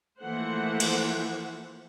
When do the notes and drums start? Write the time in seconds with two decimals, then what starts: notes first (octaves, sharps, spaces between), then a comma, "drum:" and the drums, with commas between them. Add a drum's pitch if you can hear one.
0.22 E3 F3 A3 A#3 C5 F#5
0.80 drum: cymbal